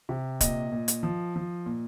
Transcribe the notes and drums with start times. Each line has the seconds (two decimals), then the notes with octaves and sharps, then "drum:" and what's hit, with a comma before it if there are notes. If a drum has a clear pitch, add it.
0.09 C3
0.41 A#2 D#5, drum: kick, hi-hat
0.72 A#2
0.88 drum: hi-hat
1.03 F3
1.36 F3
1.66 A#2